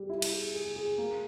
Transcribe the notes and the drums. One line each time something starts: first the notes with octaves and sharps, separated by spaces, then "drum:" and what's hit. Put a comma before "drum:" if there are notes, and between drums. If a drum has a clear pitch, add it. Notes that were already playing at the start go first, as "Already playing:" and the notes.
Already playing: G3
E4
drum: cymbal
G#4
G#4
G#4
A#3